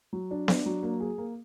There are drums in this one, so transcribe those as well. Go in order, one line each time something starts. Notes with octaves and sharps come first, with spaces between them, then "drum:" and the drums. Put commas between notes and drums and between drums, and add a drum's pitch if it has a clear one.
F#3
D4
D4, drum: snare B3
F#3
A#3
G#4
A#3